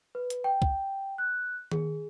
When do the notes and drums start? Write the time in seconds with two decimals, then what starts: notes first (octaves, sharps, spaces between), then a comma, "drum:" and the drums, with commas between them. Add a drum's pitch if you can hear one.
0.15 B4
0.30 drum: hi-hat
0.44 G5
0.62 drum: kick
1.18 F#6
1.72 G#4, drum: tom D#3